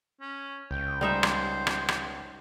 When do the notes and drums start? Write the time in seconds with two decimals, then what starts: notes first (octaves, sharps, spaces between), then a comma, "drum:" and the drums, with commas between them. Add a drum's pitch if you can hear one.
0.21 C#4
0.71 C#2 G5
1.01 G3 D#4 C5 E5
1.23 drum: rim click
1.67 drum: rim click
1.88 drum: rim click